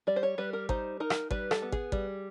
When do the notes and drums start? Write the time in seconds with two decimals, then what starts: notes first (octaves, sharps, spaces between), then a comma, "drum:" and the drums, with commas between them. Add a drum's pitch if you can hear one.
0.07 G3 D5
0.16 C5
0.23 C#5
0.38 G3 B4
0.53 A#4
0.69 D#4 C5, drum: kick
1.00 D#4 A#4
1.10 drum: rim click
1.31 G3 B4, drum: kick
1.51 A4, drum: rim click
1.62 B3
1.72 G#4, drum: kick
1.92 G3, drum: kick